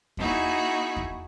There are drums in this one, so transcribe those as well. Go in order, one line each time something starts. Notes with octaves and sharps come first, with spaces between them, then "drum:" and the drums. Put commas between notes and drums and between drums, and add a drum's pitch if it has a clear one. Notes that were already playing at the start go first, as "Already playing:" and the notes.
A#3 D#4 E4 F#4 G#4, drum: kick E2
drum: kick E2